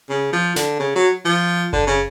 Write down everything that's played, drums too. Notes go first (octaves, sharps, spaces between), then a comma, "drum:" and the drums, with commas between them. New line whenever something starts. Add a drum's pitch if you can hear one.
C#3
F3
D3, drum: snare
C#3
F#3
F3
D3, drum: kick F#1
C#3